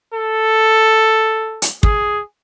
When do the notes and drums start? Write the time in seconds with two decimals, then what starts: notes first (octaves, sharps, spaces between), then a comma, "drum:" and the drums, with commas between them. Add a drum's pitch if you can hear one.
0.13 A4
1.62 drum: hi-hat
1.83 G#4, drum: kick